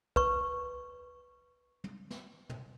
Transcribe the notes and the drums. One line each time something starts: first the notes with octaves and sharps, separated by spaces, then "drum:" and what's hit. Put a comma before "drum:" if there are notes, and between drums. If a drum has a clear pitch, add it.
B4 C#6, drum: kick
drum: tom
drum: snare
drum: tom